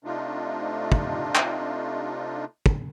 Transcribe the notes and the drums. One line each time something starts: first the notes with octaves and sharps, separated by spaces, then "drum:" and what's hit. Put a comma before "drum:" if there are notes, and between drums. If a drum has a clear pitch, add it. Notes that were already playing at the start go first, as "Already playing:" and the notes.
C3 A3 D4 D#4 F4
drum: kick
drum: clap
drum: kick